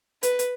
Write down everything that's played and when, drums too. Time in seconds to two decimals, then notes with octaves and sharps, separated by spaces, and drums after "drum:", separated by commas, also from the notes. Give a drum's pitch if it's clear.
0.23 B4, drum: hi-hat
0.39 drum: hi-hat